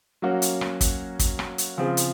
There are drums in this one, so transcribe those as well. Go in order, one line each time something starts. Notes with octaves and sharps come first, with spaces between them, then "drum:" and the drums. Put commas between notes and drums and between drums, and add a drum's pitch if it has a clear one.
F#3 A#3 C#4 F#4
drum: hi-hat
drum: rim click
drum: kick, hi-hat
drum: kick, hi-hat
drum: rim click
drum: hi-hat
C#3 F3 C4 F4 G#4
drum: hi-hat